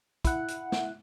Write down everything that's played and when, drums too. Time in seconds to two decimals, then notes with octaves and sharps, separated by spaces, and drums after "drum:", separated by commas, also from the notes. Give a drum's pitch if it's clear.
0.25 E4 F#5, drum: kick, hi-hat
0.48 drum: hi-hat
0.72 drum: snare